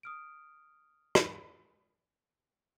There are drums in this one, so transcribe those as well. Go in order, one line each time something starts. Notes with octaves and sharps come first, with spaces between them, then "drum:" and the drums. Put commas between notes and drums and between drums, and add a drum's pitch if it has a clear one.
D#6 F6 D7
drum: rim click